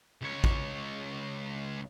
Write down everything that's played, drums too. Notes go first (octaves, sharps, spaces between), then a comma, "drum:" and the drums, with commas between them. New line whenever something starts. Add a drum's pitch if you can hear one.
C#2 C#5
drum: kick A1